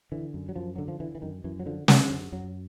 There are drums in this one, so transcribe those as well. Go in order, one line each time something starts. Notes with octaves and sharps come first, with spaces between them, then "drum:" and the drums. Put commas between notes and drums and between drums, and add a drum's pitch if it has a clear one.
D3 E3
F#2
F#3
F#2 F3
D3 F#3
F3
D3 E3
E3
F#2 D#3
F#2 E3
F#3
D3 F3
D3 G3, drum: snare
F#2
F#2 F#3